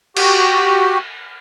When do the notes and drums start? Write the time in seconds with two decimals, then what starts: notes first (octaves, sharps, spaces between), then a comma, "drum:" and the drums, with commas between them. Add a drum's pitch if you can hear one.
0.17 F#4 G4, drum: cymbal